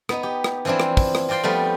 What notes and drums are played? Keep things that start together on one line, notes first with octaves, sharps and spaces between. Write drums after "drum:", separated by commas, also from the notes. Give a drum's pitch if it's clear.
B3 D#4, drum: rim click
G4
drum: rim click
E3 F3 C4 D4 E4
drum: rim click
drum: kick, open hi-hat
drum: rim click
C4 F4 D5 G5 C6
F3 G3 A3 B3